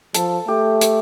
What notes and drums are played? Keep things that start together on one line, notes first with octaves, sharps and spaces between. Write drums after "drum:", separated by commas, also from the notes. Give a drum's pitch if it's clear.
F3 A4, drum: hi-hat
A3 G4
drum: hi-hat